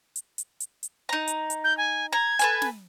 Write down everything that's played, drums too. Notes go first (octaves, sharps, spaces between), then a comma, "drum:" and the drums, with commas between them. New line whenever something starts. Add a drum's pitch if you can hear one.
drum: hi-hat
drum: hi-hat
drum: hi-hat
drum: hi-hat
D#4 A#5
drum: hi-hat
drum: hi-hat
G6
G#5
A#5 G#6
A4 B4 G#5, drum: hi-hat
drum: snare